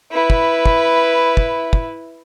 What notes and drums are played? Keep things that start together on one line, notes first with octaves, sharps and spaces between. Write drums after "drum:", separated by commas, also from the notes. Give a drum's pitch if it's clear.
E4 B4
drum: kick
drum: kick
drum: kick
drum: kick